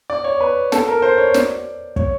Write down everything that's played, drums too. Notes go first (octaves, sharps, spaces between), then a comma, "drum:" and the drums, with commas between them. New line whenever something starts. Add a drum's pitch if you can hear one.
D5
C#5
B4
A4, drum: snare
A#4
C5
C#5
D5, drum: snare
C#5, drum: kick